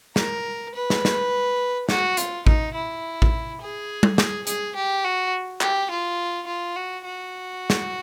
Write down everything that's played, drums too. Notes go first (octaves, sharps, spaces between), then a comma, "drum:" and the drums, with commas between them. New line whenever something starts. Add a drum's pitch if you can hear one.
A#4, drum: snare
B4
drum: snare
drum: snare
F#4, drum: snare
F4, drum: hi-hat
D#4, drum: kick A1
E4
drum: kick A1
G#4
drum: tom G3
G#4, drum: snare
G#4, drum: hi-hat
G4
F#4
G4, drum: clap
F4
F4
F#4
F#4
drum: snare